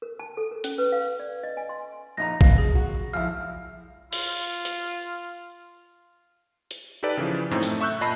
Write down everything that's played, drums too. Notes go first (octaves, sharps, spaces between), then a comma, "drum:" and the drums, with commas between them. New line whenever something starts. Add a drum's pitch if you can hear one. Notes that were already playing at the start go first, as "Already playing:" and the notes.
A#4
A5
A4
A#4
C#4, drum: hi-hat
B4
F5
D5
D#5
G#5
C6
A#1 D#4 A#5 A#6
B2 F5, drum: kick A#1
G#4
F#4
G#1 F2 E4 F5 F6
F4, drum: open hi-hat
drum: hi-hat
drum: hi-hat
D#4 G4 A4 B4 D5
C#3 E3 F3
F#2 A2 C4 D#4
A3, drum: tambourine
E5 C#6 E6 F#6 G6
A#2 D#5 A5 B5 A#6 C7